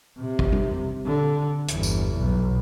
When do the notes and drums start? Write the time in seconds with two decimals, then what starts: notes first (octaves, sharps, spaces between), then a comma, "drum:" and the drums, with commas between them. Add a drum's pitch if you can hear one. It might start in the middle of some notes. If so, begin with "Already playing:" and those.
0.18 C3
0.39 drum: kick
0.52 drum: tom
1.06 D3
1.68 G1 E2, drum: hi-hat
1.83 drum: tambourine
2.18 B1